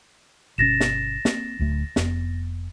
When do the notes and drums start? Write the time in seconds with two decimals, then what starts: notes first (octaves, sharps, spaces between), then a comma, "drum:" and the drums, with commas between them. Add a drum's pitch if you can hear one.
0.58 G1 B2 C#4 A6 A#6 E7
0.80 drum: snare
1.25 A#3 C4, drum: snare
1.59 D1 D2 A3
1.96 F1 F2 B3, drum: snare